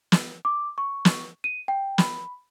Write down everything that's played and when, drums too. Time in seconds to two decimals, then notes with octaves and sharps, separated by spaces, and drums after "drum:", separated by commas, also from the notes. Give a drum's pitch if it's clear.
0.12 drum: snare
0.45 D6
0.78 C#6
1.05 drum: snare
1.44 D#7
1.68 G5
1.98 B5, drum: snare